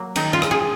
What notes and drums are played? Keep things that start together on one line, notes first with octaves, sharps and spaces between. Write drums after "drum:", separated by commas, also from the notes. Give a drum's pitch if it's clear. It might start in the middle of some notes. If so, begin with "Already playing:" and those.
Already playing: F#3 A#3
D#3 D#4, drum: cymbal
F4
G#3, drum: rim click
G#4